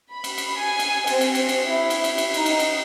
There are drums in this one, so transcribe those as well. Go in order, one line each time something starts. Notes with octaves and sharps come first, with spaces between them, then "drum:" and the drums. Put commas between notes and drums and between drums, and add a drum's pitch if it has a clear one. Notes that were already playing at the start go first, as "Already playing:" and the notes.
B5
drum: cymbal
drum: cymbal
G#5
drum: cymbal
C4, drum: cymbal
drum: cymbal
drum: cymbal
drum: cymbal
E4
drum: cymbal
drum: cymbal
drum: cymbal
D#4, drum: cymbal
drum: cymbal
drum: cymbal